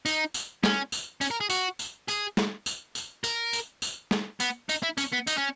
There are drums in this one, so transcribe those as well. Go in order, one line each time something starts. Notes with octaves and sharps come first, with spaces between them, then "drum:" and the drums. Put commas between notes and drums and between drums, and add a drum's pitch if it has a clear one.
D#4, drum: tambourine
drum: tambourine
C#4, drum: snare
drum: tambourine
C#4, drum: tambourine
A#4
G#4
F#4, drum: tambourine
drum: tambourine
G#4, drum: tambourine
drum: snare
drum: tambourine
drum: tambourine
A#4, drum: tambourine
drum: tambourine
drum: tambourine
drum: snare
B3, drum: tambourine
D#4, drum: tambourine
E4
C#4, drum: tambourine
B3
D#4, drum: tambourine
C#4